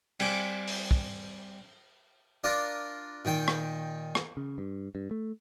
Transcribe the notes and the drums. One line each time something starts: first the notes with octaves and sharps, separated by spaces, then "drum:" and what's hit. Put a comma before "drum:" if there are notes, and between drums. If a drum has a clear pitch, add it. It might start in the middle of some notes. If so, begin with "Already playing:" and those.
G3 C4 G#5 D6, drum: cymbal
drum: open hi-hat
drum: kick
D4 F4 A#4 D6
A#2 D#3 G5
drum: rim click
drum: rim click
C#3
G2
G2
A3